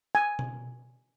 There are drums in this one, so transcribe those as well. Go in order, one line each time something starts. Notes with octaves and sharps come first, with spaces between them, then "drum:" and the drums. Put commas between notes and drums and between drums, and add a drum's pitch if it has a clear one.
G#5
drum: tom B2